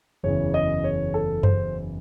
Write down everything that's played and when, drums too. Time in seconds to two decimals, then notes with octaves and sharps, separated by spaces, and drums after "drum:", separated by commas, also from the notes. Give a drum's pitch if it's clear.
0.23 F#1 E2 C#3 E3 C#5
0.54 D#5
0.84 C#5
1.14 A4
1.43 C5, drum: tom F#2